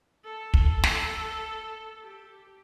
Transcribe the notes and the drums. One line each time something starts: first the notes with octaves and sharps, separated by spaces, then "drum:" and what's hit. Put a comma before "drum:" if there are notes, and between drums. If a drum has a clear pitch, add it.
A4
drum: kick
drum: snare
G4